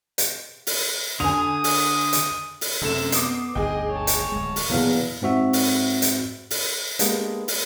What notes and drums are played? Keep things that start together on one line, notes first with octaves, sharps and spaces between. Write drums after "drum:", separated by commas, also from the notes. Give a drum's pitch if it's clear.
drum: hi-hat
drum: open hi-hat
D3 G#5 D#6 F7
drum: open hi-hat
drum: hi-hat
drum: open hi-hat
F#2 C3 A3 A4 E7
B3 D6 D#6 C7, drum: hi-hat
G1 D2 G#2 G#4 D#5 G5
C#5 A5
drum: hi-hat
D1 G#3
drum: open hi-hat
E2 A#2 D3 F#3 F5
G#2 C4 F#4 E5
drum: open hi-hat
drum: hi-hat
drum: open hi-hat
G#3 A#3 B3 D4 G4 B4, drum: hi-hat
drum: open hi-hat